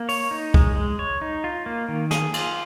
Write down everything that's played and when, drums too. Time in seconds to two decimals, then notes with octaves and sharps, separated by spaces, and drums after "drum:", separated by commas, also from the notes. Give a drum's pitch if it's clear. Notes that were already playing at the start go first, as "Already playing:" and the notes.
Already playing: A#3
0.09 C#5, drum: open hi-hat
0.31 D#4
0.54 G#3, drum: kick C2
0.76 G#3
0.99 C#5
1.22 D#4
1.44 F4
1.66 A#3
1.89 D#3
2.11 G#4, drum: snare
2.34 F4, drum: cymbal